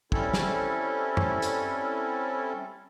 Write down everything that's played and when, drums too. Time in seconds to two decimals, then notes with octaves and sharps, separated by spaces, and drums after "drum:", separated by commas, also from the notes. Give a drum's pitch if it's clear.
0.12 G3 C4 C#4 E4 A4, drum: kick
0.33 drum: snare
1.17 drum: tom F#2
1.42 drum: hi-hat